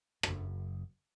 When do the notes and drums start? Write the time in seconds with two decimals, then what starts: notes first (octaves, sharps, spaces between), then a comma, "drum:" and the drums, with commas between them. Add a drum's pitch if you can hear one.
0.23 F#1 F#2, drum: rim click